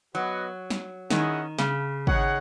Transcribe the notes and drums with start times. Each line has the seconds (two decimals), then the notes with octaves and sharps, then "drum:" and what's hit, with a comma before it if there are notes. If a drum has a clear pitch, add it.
0.14 F#3 B3 F#4 B4 D#5 F#5
0.70 drum: snare
1.11 D#3 C#4 E4 G#4 D#5 F#5, drum: snare
1.58 C#3, drum: snare
2.07 D#4 G#4 C#5 F#5, drum: kick G#1